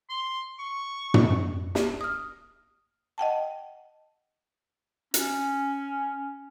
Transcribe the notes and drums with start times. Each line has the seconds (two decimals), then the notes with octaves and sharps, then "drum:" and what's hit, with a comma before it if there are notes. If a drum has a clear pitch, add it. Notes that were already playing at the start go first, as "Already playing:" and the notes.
0.09 C6
0.59 C#6
1.14 drum: tom
1.75 drum: snare
2.01 D#6 F6
3.18 D#5 F#5 G5 A5
5.14 C#4, drum: hi-hat